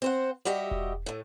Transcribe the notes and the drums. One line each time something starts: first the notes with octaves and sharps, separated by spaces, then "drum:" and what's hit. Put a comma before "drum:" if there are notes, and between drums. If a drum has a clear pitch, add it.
C4 C5 F#5
G3 F#4 G4 D#5 E5
drum: kick E1
A2 A3